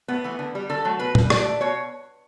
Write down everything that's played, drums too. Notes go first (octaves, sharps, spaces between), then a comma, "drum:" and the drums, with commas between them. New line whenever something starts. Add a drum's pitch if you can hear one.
A2 B3
E3 A3
D3
G3
D3 A4
F#3 A3
B2 B4
G3, drum: tom A#2
D3 D5, drum: rim click
A3
B2 C#5